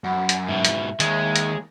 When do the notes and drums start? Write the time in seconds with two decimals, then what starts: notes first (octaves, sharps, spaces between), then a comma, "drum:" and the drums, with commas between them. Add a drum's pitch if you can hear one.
0.04 F#2 F#5 B5
0.29 drum: hi-hat
0.48 G#2 B2 E5
0.65 drum: hi-hat
1.00 D#2 G#3, drum: hi-hat
1.36 drum: hi-hat